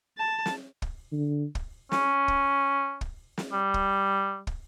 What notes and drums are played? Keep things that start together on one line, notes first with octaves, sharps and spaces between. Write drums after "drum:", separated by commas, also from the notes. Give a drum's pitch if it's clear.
A5
drum: snare
drum: kick
D3
drum: kick
C#4, drum: snare
drum: kick
drum: kick
drum: snare
G3
drum: kick
drum: kick